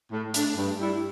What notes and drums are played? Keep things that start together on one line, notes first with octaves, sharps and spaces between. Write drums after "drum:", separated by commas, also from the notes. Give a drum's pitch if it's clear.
A2
A3 D4, drum: hi-hat
G2
G3 E4